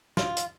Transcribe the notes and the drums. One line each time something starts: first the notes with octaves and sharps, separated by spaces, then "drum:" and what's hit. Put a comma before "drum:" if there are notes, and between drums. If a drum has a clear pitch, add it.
F4, drum: snare
drum: hi-hat